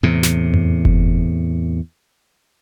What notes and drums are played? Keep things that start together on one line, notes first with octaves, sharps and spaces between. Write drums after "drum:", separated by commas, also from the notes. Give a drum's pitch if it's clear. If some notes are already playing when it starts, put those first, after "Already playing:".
E2 A2 C3
drum: snare
drum: tom F2
drum: kick F#1